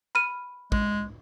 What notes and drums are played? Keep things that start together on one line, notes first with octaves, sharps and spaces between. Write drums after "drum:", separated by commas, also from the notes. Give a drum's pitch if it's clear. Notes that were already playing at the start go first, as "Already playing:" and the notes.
B5 F6 D#7
G#3, drum: kick